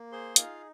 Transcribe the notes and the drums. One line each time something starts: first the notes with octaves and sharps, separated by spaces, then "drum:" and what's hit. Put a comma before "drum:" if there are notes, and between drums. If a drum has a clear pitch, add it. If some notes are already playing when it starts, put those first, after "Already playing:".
Already playing: A#3
G#4 C5 C6
D#4 F4 F5, drum: hi-hat